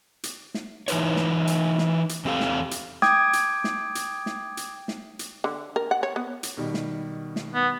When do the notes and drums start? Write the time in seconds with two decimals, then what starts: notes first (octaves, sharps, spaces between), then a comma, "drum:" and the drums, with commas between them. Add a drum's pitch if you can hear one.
0.23 drum: hi-hat
0.54 drum: snare
0.88 E3 D#4 B4 C#5, drum: hi-hat
1.16 drum: snare
1.47 drum: hi-hat
1.78 drum: snare
2.09 drum: hi-hat
2.25 E2 C4 G4 A4 F5
2.40 drum: snare
2.71 drum: hi-hat
3.02 G5 D6 D#6 G#6, drum: snare
3.33 drum: hi-hat
3.64 drum: snare
3.95 drum: hi-hat
4.26 drum: snare
4.57 drum: hi-hat
4.88 drum: snare
5.19 drum: hi-hat
5.44 D3
5.76 A#4
5.91 F#5
6.03 C#5
6.16 B3
6.43 drum: hi-hat
6.57 B2 D#3 G3
6.74 drum: snare
7.36 drum: snare
7.54 B3